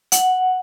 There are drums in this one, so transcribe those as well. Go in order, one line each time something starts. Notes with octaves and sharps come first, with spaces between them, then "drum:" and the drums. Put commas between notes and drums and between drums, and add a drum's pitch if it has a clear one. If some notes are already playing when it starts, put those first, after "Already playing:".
F#5, drum: hi-hat